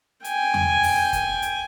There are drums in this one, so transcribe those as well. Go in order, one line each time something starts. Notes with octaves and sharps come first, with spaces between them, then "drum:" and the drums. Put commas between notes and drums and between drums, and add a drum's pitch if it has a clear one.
G5 G#5, drum: hi-hat
drum: tom E2
drum: open hi-hat
drum: kick F#1, hi-hat
drum: hi-hat